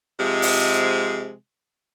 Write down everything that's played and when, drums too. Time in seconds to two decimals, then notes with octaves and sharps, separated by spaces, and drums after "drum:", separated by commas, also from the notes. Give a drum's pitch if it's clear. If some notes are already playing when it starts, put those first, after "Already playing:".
0.20 C3 F3 G#3
0.42 drum: open hi-hat